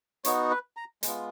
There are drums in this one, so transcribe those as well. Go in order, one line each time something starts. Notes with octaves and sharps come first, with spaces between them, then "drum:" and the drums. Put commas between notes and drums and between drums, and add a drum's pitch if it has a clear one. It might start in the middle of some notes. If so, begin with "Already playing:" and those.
B3 D#4 F#4 C#5, drum: hi-hat
B4
A#5
G#3 B3 F4, drum: hi-hat